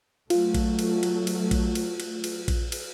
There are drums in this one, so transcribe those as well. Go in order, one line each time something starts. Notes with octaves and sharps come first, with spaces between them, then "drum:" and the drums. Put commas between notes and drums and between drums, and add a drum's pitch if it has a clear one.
F#3 A3 F4, drum: cymbal
drum: kick A#1, cymbal
drum: cymbal
drum: cymbal
drum: cymbal
drum: kick A#1, cymbal
drum: cymbal
drum: cymbal
drum: cymbal
drum: kick A#1, cymbal
drum: cymbal